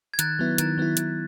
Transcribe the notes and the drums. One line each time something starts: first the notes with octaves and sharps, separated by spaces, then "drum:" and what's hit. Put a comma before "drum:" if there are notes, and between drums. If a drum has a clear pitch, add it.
G#6
D#3 F#6 A6, drum: hi-hat
F#3 B3 E4
D#3 F#6 A6, drum: hi-hat
F#3 B3 E4
D#3, drum: hi-hat